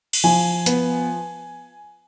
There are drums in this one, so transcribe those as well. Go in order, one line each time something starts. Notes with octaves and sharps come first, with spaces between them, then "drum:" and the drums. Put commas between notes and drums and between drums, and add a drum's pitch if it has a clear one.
drum: cymbal
F3 G#5
B3, drum: hi-hat